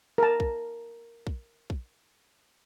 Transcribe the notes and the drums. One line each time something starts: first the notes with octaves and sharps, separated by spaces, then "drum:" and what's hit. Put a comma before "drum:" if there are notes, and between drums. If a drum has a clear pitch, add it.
A#4 A5
drum: kick
drum: kick
drum: kick